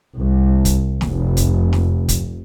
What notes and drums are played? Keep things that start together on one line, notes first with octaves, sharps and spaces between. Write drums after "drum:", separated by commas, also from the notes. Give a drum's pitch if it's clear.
C2
drum: kick, hi-hat
F1, drum: snare
drum: kick, hi-hat
drum: snare
drum: kick, hi-hat